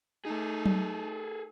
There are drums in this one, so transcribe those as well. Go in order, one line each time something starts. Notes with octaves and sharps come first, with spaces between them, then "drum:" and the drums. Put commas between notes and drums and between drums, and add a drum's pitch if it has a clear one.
A3 D#4 G#4 A4
drum: tom F#3